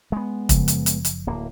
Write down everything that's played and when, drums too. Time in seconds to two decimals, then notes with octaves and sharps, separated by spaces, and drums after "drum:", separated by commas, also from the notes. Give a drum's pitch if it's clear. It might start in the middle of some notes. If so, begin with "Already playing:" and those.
0.12 G#3 B3
0.49 F#1 C#3 F3, drum: kick, hi-hat
0.68 drum: hi-hat
0.86 drum: hi-hat
1.05 drum: hi-hat
1.27 D1 A#3